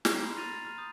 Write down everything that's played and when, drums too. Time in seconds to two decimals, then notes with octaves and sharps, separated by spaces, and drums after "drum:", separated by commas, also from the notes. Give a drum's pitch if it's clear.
0.05 A#5 C7, drum: snare
0.23 B5 C6
0.37 F6 A6 A#6 D#7 F7
0.52 A6
0.65 F6
0.78 D#6 G6